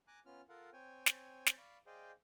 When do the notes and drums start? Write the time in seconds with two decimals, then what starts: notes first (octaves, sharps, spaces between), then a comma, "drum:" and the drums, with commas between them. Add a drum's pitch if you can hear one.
0.08 G#5 A#5 D6 F#6
0.26 B3 C#4 F4 F6
0.49 F4 A4 A#4 F5 F#5
0.73 C4 C#5 G5 G#5
1.06 drum: snare
1.46 drum: snare
1.58 D5 F5 B5 C#6
1.87 G#4 C5 D5 D#5 F5 G5